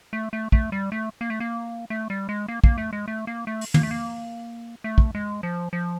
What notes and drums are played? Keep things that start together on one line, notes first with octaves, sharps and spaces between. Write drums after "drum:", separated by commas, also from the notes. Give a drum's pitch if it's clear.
A3
A3
A3, drum: kick
G3
A3
A#3
A3
A#3
A3
G3
G#3
A#3
A#3, drum: kick
A3
G#3
A3
A#3
A3
drum: open hi-hat
A#3, drum: tom
A3
A#3
A3
drum: kick
G#3
F3
F3